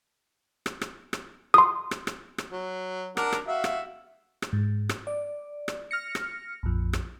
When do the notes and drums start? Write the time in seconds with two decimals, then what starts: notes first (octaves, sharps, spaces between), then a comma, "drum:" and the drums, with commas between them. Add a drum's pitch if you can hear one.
0.66 drum: rim click
0.81 drum: rim click
1.13 drum: rim click
1.54 C6 D#6
1.91 drum: rim click
2.07 drum: rim click
2.38 drum: rim click
2.51 F#3
3.17 D4 A#4 F#5, drum: rim click
3.32 drum: rim click
3.47 F#4 E5 F5
3.64 drum: rim click
4.42 drum: rim click
4.53 G#2
4.89 drum: rim click
5.07 D5
5.68 drum: rim click
5.91 F6 A#6 C#7
6.15 drum: rim click
6.63 A#1 F2
6.93 drum: rim click